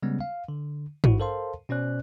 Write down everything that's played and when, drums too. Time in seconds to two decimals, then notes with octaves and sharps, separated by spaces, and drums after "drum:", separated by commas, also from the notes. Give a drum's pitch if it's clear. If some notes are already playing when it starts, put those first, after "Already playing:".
0.03 C#3 G3 G#3 B3 C#4
0.21 F5
0.49 D3
1.04 A1 E4 F#4, drum: tom
1.20 A4 A#4 C5 F5 A5 C6
1.69 B2 C#4 C5 D5 F#6